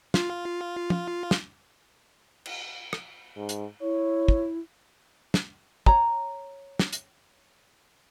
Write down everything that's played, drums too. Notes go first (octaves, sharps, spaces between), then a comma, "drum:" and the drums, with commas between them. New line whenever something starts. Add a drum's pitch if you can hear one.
F4, drum: snare
drum: tom
drum: snare
drum: cymbal
drum: rim click
G#2
drum: hi-hat
E4 C#5
drum: kick
drum: snare
C#5 A#5, drum: kick
drum: snare
drum: hi-hat